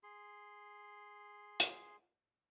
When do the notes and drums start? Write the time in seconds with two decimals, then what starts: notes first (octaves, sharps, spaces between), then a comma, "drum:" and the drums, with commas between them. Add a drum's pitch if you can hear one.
0.03 G#4 C6
1.60 drum: hi-hat